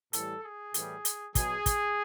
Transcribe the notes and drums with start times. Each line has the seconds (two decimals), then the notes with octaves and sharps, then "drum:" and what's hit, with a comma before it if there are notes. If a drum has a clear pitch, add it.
0.13 A2 E3 G3 A4, drum: hi-hat
0.44 G#4
0.74 A2 E3 G3, drum: hi-hat
1.05 drum: hi-hat
1.35 B2 F#3 G#4, drum: kick, hi-hat
1.66 drum: kick, hi-hat